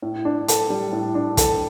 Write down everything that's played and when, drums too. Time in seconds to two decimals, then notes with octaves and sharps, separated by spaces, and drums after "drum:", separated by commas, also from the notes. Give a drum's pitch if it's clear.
0.02 A2
0.25 D4
0.48 A4, drum: hi-hat
0.70 G3
0.93 A2
1.15 D4
1.37 A4, drum: kick, hi-hat